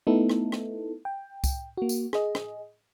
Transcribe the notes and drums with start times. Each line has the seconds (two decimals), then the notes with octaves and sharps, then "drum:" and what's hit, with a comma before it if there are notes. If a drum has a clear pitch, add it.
0.07 A3 B3 D#4 E4 A4
0.30 drum: rim click
0.52 drum: rim click
1.05 G5
1.44 drum: kick C2, tambourine
1.77 A#3 F#4
1.89 drum: tambourine
2.13 G#4 D#5, drum: rim click
2.35 drum: rim click